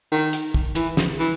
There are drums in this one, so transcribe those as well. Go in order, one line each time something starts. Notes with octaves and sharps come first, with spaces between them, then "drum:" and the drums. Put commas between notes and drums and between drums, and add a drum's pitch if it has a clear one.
D#3
drum: hi-hat
drum: kick
E3, drum: hi-hat
drum: snare
E3